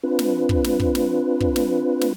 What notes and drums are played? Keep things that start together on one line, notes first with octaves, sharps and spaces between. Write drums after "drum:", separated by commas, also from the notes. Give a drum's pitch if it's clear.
C4 D4 F4 B4
drum: snare
drum: kick
drum: snare
drum: kick
drum: snare
drum: kick
drum: snare
drum: snare